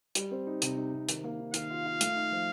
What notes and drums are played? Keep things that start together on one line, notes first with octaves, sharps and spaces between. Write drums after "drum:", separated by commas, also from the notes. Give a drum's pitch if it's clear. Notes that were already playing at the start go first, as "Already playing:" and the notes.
G3, drum: hi-hat
C4
D#4
C3, drum: hi-hat
D#4
C3
D#3, drum: hi-hat
A#3
D#3
D#3 F5, drum: hi-hat
F4
F4
A3, drum: hi-hat
D#4
F3